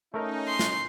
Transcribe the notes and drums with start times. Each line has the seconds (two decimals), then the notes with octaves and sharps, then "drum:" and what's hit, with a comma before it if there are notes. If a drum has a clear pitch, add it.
0.14 A3 C#4 D#4 A#4 A#5
0.48 C6
0.59 drum: snare